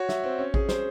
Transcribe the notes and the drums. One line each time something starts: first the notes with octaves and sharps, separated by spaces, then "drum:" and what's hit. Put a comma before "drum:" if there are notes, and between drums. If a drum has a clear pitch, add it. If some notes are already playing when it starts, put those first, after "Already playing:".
Already playing: F#4 C#5
E5, drum: snare
C4
C#4
G#4, drum: kick A1
C5, drum: snare